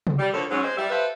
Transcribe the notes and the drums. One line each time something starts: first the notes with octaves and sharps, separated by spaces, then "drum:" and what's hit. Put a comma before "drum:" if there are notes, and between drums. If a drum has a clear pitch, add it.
drum: tom C3
G3
D2 D3 F3 A#3 A4 C#5
G#2 F#3 C#4
G#3 C5
G3 E5
G4 A4 B4 C5 E5 F5